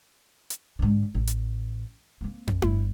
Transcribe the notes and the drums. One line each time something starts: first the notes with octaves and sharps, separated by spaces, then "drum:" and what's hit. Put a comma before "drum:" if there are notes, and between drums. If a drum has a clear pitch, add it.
drum: hi-hat
G#2 D3
A1
drum: hi-hat
A#3 C4
drum: tom
G1, drum: tom